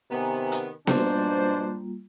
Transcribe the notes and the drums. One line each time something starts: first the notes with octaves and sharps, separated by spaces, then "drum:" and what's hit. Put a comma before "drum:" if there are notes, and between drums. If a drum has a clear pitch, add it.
C3 D#3 B3 G#5 A#5
drum: hi-hat
G#2 B2 F3 G3 A#3 D4 F4 C5, drum: snare B3